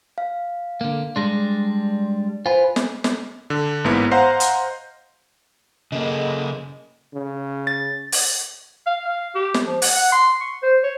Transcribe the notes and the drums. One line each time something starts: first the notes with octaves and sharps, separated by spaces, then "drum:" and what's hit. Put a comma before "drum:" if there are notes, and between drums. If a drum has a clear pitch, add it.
F5
D3 A#3
G3 G#3 D4 C6 A#6
F4 B4 C5 G#5
drum: snare
drum: snare
D3
A1 G#2 A#3 B3 E4 B6
C5 D#5 F5 F#5 A#5 C6
drum: hi-hat
C#3 A#3 G#4 A4 D#5
C#3
A6
drum: open hi-hat
F5
F5
G4
drum: snare
F3
F#5, drum: open hi-hat
F#5
C6
C#6
C5
C#5